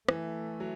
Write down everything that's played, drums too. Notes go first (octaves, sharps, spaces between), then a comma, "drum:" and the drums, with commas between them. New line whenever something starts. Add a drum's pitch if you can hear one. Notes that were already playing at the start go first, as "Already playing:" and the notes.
E3 A3, drum: rim click
F#3